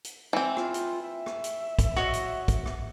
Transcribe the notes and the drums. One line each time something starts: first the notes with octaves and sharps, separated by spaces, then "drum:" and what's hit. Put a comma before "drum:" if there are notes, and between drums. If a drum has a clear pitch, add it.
drum: hi-hat
E3 C4
F4, drum: rim click
drum: hi-hat
E5
drum: rim click
drum: hi-hat
drum: kick, hi-hat
F#4 C#5 D#5, drum: rim click
drum: hi-hat
drum: kick, hi-hat
drum: rim click